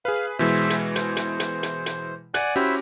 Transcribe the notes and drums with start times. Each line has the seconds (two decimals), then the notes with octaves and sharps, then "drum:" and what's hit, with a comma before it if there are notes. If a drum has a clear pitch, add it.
0.05 G#4 B4 F5
0.39 B2 E3 G#3 C5 E5
0.70 drum: hi-hat
0.96 C5, drum: hi-hat
1.17 drum: hi-hat
1.40 drum: hi-hat
1.63 drum: hi-hat
1.86 drum: hi-hat
2.34 D5 F#5 G#5 F#6, drum: hi-hat
2.56 C#4 E4 F#4 G4 C5 E5